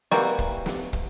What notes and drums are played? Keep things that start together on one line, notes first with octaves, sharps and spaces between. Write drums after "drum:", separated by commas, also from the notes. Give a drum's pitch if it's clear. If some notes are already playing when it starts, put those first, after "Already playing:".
E3 G3 A#3 F#4, drum: snare
drum: kick
drum: snare
drum: kick